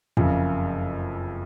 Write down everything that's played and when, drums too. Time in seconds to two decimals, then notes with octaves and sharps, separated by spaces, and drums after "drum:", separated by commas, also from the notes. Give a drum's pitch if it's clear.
0.17 F#1 F2 C#3, drum: tom E2